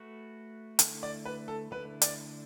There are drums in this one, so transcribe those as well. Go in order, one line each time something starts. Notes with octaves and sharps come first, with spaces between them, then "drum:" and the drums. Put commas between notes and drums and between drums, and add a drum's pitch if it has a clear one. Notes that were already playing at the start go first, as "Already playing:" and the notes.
Already playing: A3 F#4 B4
D3 A3 E4, drum: hi-hat
D5
B4
A4
D3 A3 E4 B4
D5, drum: hi-hat